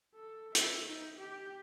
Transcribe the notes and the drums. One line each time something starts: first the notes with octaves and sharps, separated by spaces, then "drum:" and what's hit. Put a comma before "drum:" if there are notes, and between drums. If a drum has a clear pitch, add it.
A4
E5, drum: hi-hat
D#4
G4